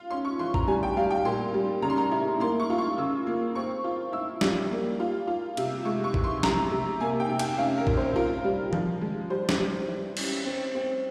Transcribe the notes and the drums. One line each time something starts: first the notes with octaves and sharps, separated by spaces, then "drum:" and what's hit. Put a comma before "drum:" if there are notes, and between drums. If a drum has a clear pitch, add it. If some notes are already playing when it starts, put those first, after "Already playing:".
Already playing: F4
C#4 C6
C#6
E3 C6
A#5, drum: kick A1
G3 G#5
G5
G3 F5
G5
A#2 C6
G3
C#3 A#5
C6
A#5
E4
A#3 C6
C#6
F4
C#6
C#3 E6
A#3
C4 C#6
F4
E4 E6
G3, drum: snare
A#3
F4
F4
C3, drum: cymbal
G#3 C#6
C#6
E3, drum: kick A1
C6
C3 A#5, drum: snare
C3
A#3 G#5
G5
C3
G5, drum: cymbal
C#4 F5
A#4
A#2, drum: kick A1
C5
F4 A#4
G3
F3, drum: tom D#3
G#3
G3 C5
drum: snare
G3
E3
C#4, drum: cymbal
C4
C4